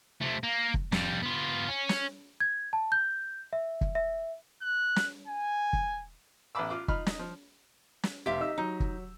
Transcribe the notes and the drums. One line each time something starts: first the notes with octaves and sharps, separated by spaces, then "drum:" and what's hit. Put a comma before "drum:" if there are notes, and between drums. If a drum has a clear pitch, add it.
C3 A3
A#3
drum: kick
F2 G3, drum: snare
B3 F4
C#4
drum: snare
G#6
A5
G6
E5
drum: kick
E5
F#6
drum: snare
G#5
drum: kick
A1 B3 E5 B5 D6 E6
F4 D6
D#4 F4 B5 F6, drum: kick
D#4 D#5, drum: snare
F3
drum: snare
F1 G4 E5 F5 C6 B6
D#4 E6
F#3 D#4
drum: kick